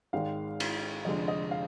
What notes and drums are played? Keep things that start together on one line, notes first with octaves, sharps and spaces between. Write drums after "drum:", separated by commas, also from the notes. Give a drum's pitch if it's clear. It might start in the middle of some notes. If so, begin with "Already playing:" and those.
G#1 G#2 D#3 G#3 F5
drum: cymbal
F1 F2 D3 G#3 D#5
D#5
F5